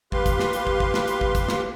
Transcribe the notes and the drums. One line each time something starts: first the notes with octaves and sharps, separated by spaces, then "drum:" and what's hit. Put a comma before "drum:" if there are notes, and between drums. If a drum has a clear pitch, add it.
G4 B4 F5 C6, drum: kick
drum: kick, hi-hat
drum: snare
drum: hi-hat
drum: kick
drum: kick
drum: snare
drum: hi-hat
drum: kick
drum: kick, hi-hat
drum: snare